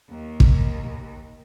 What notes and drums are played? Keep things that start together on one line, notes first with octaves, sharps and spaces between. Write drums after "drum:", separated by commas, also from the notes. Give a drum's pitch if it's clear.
D#2
drum: kick